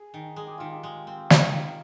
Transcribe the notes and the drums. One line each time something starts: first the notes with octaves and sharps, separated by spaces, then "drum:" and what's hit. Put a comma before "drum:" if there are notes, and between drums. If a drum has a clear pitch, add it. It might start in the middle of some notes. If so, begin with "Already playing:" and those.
Already playing: G#4
D#3
G#3 G#4
G4
D#3 F4
G4
G#3
C4
D#3, drum: snare
D#3